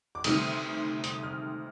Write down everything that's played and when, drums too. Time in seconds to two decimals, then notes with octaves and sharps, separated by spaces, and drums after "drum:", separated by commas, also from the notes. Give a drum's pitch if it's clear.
0.15 D6
0.24 D2 C3 D#3 G3 D#6, drum: cymbal
1.04 D#6, drum: hi-hat
1.23 F6